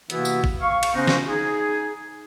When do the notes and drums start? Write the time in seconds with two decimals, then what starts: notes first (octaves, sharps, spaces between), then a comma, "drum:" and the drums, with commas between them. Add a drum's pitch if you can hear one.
0.10 C3 E3 A#3 B3 E4 F#4, drum: hi-hat
0.25 drum: tambourine
0.44 drum: kick G#1
0.61 F5 C#6
0.83 drum: cymbal
0.95 C#3 B3 C#4 D#4 F#4 C5
1.08 drum: snare
1.27 D#4 G#4